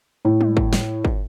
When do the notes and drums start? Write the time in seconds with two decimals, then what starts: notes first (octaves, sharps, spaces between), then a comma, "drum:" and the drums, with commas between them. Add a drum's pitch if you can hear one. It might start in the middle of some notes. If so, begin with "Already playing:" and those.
0.25 A2
0.41 drum: tom G3
0.57 drum: kick
0.73 drum: snare
1.05 drum: kick